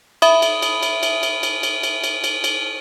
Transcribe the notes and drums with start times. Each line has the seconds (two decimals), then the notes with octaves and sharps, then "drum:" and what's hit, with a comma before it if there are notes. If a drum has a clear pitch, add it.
0.22 E5 B5 D#6, drum: cymbal
0.42 drum: cymbal
0.62 drum: cymbal
0.83 drum: cymbal
1.03 drum: cymbal
1.23 drum: cymbal
1.43 drum: cymbal
1.63 drum: cymbal
1.83 drum: cymbal
2.04 drum: cymbal
2.24 drum: cymbal
2.44 drum: cymbal